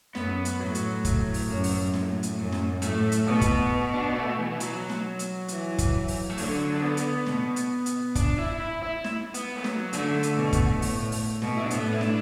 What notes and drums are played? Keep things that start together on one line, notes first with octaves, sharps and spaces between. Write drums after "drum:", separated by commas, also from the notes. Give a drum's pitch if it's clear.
F#2 B3, drum: snare
drum: hi-hat
A2 F#3
drum: hi-hat
A2, drum: kick, hi-hat
drum: open hi-hat
F#2
drum: open hi-hat
A2, drum: snare
drum: hi-hat
F#2
drum: snare
A2 A3, drum: hi-hat
drum: hi-hat
B2 B3
drum: kick, hi-hat
D4
B3
A3
E3
E3
F#3, drum: hi-hat
drum: snare
drum: hi-hat
E3, drum: hi-hat
drum: kick, hi-hat
drum: open hi-hat
A3
D3 F#3, drum: open hi-hat
D4
B3
drum: hi-hat
B2, drum: snare
drum: hi-hat
drum: hi-hat
D4, drum: kick, hi-hat
E4
E4
E4
drum: snare
B3, drum: hi-hat
A3
F#3, drum: snare
D3 A3, drum: hi-hat
drum: hi-hat
B2
drum: kick, hi-hat
A2, drum: open hi-hat
drum: open hi-hat
B2, drum: snare
E4
D4
A2 B3, drum: hi-hat
E4
D4, drum: snare